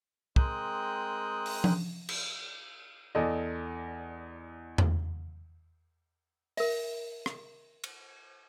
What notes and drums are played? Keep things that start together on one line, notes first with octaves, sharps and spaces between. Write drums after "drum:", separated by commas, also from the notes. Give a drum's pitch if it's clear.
G#3 C4 A#4 G5 D#6 F#6, drum: kick
drum: open hi-hat
drum: tom F3
drum: cymbal
E2 A4 D5 D#5
drum: tom E2
A#4 E5, drum: open hi-hat
drum: rim click
drum: cymbal